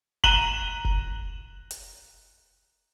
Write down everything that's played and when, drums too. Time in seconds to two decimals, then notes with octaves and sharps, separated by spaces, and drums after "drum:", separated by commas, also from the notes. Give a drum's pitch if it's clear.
0.24 A#5 F#6 D#7 E7 F#7 G7, drum: kick F1
0.85 drum: kick F1
1.71 drum: hi-hat